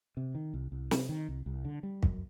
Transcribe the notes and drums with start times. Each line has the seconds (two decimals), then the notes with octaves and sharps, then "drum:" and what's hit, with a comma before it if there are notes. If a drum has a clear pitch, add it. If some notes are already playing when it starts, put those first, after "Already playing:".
0.17 C3
0.35 D#3
0.54 C2
0.72 C2
0.91 C3, drum: snare
1.09 D#3
1.28 C2
1.46 C2
1.65 D3
1.83 G3
2.03 F#2, drum: kick